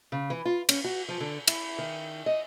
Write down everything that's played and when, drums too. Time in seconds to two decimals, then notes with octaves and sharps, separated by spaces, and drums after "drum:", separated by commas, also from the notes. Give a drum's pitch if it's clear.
0.12 C#3
0.30 E3
0.46 F4
0.69 C#4, drum: cymbal
0.84 F#4
1.08 F3
1.20 D3
1.48 E4, drum: cymbal
1.78 D#3
2.26 D#5